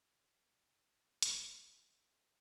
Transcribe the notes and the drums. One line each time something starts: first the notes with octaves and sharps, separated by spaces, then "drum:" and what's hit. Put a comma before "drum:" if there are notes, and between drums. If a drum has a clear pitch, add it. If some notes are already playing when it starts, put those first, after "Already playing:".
C#5 C6 D6
A#5
G#2 F#3 B3, drum: hi-hat